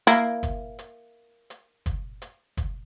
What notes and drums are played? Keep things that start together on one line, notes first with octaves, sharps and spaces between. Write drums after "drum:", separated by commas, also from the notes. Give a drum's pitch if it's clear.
A#3 E4
drum: kick, hi-hat
drum: hi-hat
drum: hi-hat
drum: kick, hi-hat
drum: hi-hat
drum: kick, hi-hat